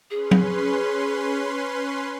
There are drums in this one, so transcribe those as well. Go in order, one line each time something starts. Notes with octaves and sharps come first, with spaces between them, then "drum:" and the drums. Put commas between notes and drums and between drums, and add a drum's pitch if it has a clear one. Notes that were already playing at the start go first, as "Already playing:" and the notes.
C#4 G#4 B4 C6
drum: tom F#3